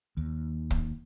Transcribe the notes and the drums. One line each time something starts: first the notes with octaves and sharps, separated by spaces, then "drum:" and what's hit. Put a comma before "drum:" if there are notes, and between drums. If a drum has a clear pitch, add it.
D#2
drum: kick